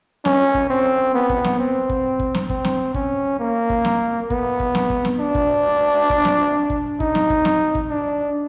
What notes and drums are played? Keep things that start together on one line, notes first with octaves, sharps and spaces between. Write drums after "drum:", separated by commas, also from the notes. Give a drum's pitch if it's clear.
C#4, drum: snare
drum: kick
C4
B3
drum: kick
drum: snare
C4
drum: kick
drum: kick
drum: snare
C4, drum: kick
drum: snare
C#4, drum: kick
A#3
drum: kick
drum: snare
B3, drum: kick
drum: kick
drum: snare
drum: kick
drum: snare
D4
drum: kick
drum: kick
drum: snare
drum: kick
D#4, drum: kick
drum: snare
drum: kick
drum: snare
drum: kick
D4